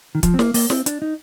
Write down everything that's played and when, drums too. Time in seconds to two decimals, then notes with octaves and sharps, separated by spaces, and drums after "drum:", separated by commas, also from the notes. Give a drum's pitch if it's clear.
0.15 D#3
0.23 F3, drum: kick, hi-hat
0.34 C4
0.39 A#3, drum: snare
0.54 A#3, drum: open hi-hat
0.70 C4, drum: snare
0.86 D4, drum: hi-hat
1.02 D#4